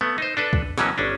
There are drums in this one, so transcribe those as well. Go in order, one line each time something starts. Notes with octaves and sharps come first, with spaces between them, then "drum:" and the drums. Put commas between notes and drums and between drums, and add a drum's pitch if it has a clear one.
A3 B3
D#4 C5
D4 A4 B4
drum: kick
B2 E3 F#3 A#3 C#4, drum: snare
G1 C#4 D4